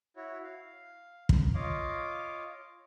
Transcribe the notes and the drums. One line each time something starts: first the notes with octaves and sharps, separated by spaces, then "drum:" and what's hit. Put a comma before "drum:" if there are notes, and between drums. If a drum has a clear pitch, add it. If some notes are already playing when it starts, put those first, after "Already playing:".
E4 F#4 C#5
F5
drum: kick
F4 C#5 D#5 F5 D6